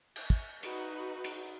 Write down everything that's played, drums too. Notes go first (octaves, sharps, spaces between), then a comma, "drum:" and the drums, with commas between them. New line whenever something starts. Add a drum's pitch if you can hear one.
drum: cymbal
drum: kick
D#4 F#4 B4, drum: cymbal
drum: cymbal